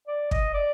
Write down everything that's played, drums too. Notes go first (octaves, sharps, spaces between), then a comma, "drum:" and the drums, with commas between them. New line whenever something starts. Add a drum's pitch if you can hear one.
D5
D#5, drum: kick
D5